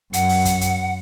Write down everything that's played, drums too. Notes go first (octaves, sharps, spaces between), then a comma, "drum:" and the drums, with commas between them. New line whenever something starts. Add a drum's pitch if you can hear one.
F#2 F#5, drum: hi-hat
drum: open hi-hat
drum: kick, hi-hat
drum: hi-hat